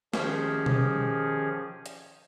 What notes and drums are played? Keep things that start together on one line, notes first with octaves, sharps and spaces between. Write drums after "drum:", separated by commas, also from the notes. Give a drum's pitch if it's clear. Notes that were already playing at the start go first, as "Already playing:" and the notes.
D#3 F3 C#4 G4 G#4, drum: snare
drum: tom B2
drum: hi-hat